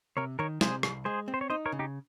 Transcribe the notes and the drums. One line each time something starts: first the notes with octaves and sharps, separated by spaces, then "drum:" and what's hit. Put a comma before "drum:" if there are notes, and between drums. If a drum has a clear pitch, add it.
C3 A#4 C#5
D#3 A#4 C#5
C3 G#4 C5, drum: snare
C2, drum: rim click
G#3 G#4 C5
C4
C5
C#5
D#4 C5 D#5
A#4 C#5
C#3
D#4 G4